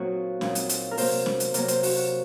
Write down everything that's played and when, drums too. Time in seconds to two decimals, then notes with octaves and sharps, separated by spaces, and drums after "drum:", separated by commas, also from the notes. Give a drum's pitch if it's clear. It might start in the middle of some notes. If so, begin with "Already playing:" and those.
Already playing: A#2 F#3 A#3 C4 D#4 F#4 D#5
0.41 A#2 F#3 C4 D#4, drum: snare C#4
0.55 drum: hi-hat
0.69 drum: hi-hat
0.91 A#4
0.97 C3 F#3 A#3 C5, drum: open hi-hat
1.26 drum: snare C#4
1.40 drum: hi-hat
1.54 C3 F#3 A#3 A#4, drum: hi-hat
1.68 C5, drum: hi-hat
1.83 F#4, drum: open hi-hat
1.96 F#4